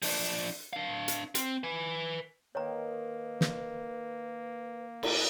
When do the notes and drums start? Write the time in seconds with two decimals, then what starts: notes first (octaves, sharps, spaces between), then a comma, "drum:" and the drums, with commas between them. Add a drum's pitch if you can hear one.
0.02 F3 D4, drum: open hi-hat
0.73 D4 F5
1.08 drum: hi-hat
1.35 C4, drum: hi-hat
1.64 B4 G#5
2.55 D#3 A#3 B4 C#5 A#5
3.41 drum: snare
5.03 drum: cymbal